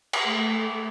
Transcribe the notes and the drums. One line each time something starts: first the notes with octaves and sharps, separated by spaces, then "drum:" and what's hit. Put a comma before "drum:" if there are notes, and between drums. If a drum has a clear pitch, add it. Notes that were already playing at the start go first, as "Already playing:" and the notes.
drum: cymbal
A3